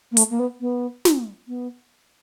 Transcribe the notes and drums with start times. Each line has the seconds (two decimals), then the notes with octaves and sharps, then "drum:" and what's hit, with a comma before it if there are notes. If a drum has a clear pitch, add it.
0.12 A#3
0.17 A3, drum: hi-hat
0.31 A#3
0.39 B3
0.61 B3
1.05 drum: snare
1.48 B3